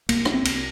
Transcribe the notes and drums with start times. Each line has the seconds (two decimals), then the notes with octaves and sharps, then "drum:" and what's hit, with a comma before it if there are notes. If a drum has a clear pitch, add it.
0.09 C2 A#3, drum: cymbal
0.25 D4, drum: rim click
0.34 C4
0.45 C2, drum: cymbal